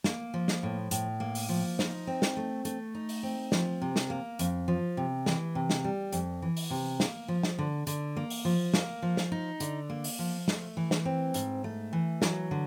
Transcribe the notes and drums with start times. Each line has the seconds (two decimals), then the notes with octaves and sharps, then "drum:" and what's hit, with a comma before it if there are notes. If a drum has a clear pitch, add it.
0.04 A#3, drum: snare
0.34 F3
0.48 drum: snare
0.63 A2
0.91 A2, drum: hi-hat
1.20 A#3
1.35 drum: open hi-hat
1.49 F3
1.79 D#4, drum: snare
2.07 C4
2.22 drum: snare
2.37 A3
2.65 A3, drum: hi-hat
2.95 D#4
3.09 drum: open hi-hat
3.23 C4
3.52 F3, drum: snare
3.82 C3
3.96 drum: snare
4.10 A#3
4.39 F2, drum: hi-hat
4.68 F3
4.97 C3
5.26 E3, drum: snare
5.55 C3
5.70 drum: snare
5.84 G3
6.12 F2, drum: hi-hat
6.42 E3
6.57 drum: open hi-hat
6.70 C3
7.00 A#3, drum: snare
7.28 F3
7.43 drum: snare
7.59 D3
7.87 D3, drum: hi-hat
8.16 A#3
8.30 drum: open hi-hat
8.45 F3
8.74 A#3, drum: snare
9.02 F3
9.17 drum: snare
9.32 D#4
9.60 D3, drum: hi-hat
9.90 A#3
10.04 drum: open hi-hat
10.19 F3
10.48 A3, drum: snare
10.77 E3
10.91 drum: snare
11.05 C4
11.34 G#2, drum: hi-hat
11.64 A3
11.93 E3
12.22 F#3, drum: snare
12.51 D3